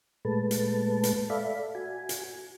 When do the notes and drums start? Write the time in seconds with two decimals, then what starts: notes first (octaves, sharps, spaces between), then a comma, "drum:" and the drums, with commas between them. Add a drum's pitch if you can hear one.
0.25 A#2 G#3 A3 B4 A5
0.51 drum: hi-hat
1.03 drum: hi-hat
1.30 A4 D5 E5 F5 B5
1.75 F#4 G#5
2.09 drum: hi-hat